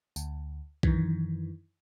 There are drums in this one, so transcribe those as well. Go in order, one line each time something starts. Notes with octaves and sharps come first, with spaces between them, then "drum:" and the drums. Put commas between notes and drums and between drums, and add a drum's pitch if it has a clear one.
D2, drum: tambourine
F#2 D#3 E3, drum: kick B1